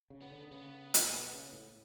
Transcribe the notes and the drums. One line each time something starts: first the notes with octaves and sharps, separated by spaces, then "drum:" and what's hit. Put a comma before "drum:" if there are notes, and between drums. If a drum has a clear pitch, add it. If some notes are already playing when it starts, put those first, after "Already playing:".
C#3
B3
D3
C#3 B3
drum: hi-hat
B2
C#3
A2